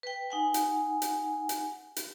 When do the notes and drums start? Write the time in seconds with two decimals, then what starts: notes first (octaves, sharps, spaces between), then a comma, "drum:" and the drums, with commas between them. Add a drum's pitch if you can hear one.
0.03 B4 G5
0.30 D#4 F#5 G#5
0.54 drum: hi-hat
1.02 drum: hi-hat
1.49 drum: hi-hat
1.96 drum: hi-hat